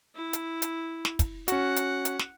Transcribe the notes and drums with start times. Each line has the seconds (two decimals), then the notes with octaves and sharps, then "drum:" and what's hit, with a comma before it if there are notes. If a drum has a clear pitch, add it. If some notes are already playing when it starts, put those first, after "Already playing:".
0.15 E4
0.33 drum: hi-hat
0.62 drum: hi-hat
1.05 drum: snare
1.19 drum: kick, hi-hat
1.48 C#4 F#4 F#5, drum: hi-hat
1.76 drum: hi-hat
2.05 drum: hi-hat
2.19 drum: snare